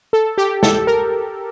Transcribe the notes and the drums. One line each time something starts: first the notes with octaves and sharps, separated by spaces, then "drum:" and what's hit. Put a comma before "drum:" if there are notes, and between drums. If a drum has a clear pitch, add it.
A4
G4
A4, drum: snare
A#4